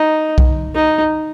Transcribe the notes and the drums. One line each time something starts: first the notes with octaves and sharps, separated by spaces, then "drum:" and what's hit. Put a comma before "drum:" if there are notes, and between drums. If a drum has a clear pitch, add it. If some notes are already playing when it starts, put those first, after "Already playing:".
Already playing: D#4
drum: kick B1
D#4